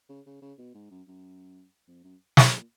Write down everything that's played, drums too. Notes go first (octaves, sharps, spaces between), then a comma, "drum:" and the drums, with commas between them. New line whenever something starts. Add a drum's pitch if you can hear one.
C#3
C#3
C#3
B2
G#2
F#2
F#2
F2
F#2
B2, drum: snare
A#2